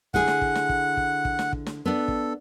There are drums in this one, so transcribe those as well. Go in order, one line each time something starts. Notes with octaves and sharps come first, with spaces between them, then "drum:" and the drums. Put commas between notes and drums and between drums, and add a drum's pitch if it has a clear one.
D3 E4 G#4 F#5, drum: kick
drum: snare
drum: kick
drum: snare
drum: kick
drum: kick
drum: kick
drum: snare
drum: kick
drum: snare
B3 D4 A4
drum: kick